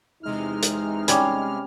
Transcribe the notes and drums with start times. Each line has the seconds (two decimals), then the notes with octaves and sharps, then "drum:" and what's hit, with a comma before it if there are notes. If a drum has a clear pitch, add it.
0.23 E2 C3 G#3 D#4 F6
0.63 drum: hi-hat
1.08 G3 C#4 B5 D6, drum: hi-hat